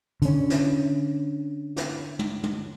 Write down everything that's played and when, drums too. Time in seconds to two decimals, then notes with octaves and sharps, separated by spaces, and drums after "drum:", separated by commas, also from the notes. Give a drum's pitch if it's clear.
0.22 D3 C#4, drum: hi-hat
0.50 drum: snare
1.76 drum: snare
2.19 drum: tom
2.43 drum: tom